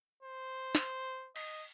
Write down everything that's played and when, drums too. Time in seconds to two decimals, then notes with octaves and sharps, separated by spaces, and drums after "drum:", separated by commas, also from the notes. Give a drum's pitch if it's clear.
0.23 C5
0.75 drum: snare
1.36 D#5, drum: cymbal